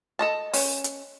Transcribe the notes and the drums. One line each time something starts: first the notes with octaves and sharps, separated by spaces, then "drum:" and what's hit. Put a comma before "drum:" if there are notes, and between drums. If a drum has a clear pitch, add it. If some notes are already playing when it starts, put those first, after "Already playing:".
A4 D#5 A5
C#4, drum: open hi-hat
drum: hi-hat